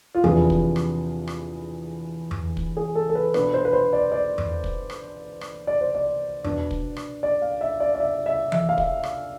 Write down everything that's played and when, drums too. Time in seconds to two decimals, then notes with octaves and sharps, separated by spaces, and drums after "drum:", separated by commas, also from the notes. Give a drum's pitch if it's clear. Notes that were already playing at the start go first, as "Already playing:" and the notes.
0.15 F4
0.24 E2 C3 F3 B3 D4 G#4, drum: tom E2
0.50 drum: kick
0.76 drum: rim click
1.27 drum: rim click
2.31 drum: tom E2
2.57 drum: kick
2.77 G#4
2.95 A4
3.09 A4
3.15 B4
3.34 B2 B3 D4 B4, drum: rim click
3.54 C5
3.65 B4
3.73 C5
3.93 D5
4.12 D5
4.38 drum: tom E2
4.64 drum: kick
4.90 drum: rim click
5.41 drum: rim click
5.67 D5
5.81 C5
5.95 D5
6.44 B2 B3 D4, drum: tom E2
6.71 drum: kick
6.97 drum: rim click
7.23 D5
7.42 F5
7.61 E5
7.80 D5
7.95 D5
8.00 E5
8.26 E5
8.52 E5, drum: tom E3
8.69 F5
8.78 E5, drum: kick
9.03 drum: rim click